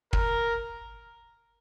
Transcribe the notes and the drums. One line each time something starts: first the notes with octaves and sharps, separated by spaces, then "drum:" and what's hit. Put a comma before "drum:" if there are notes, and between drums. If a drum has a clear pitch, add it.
A#4, drum: kick